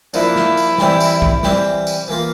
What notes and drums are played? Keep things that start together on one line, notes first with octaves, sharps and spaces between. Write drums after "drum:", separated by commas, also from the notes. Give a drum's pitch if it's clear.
F3 A#3 D4 E4, drum: tambourine
drum: snare
drum: tambourine
E3 G3 C4, drum: snare
drum: tambourine
drum: kick
E3 G3 C4, drum: snare
drum: tambourine
E3 A#3 F4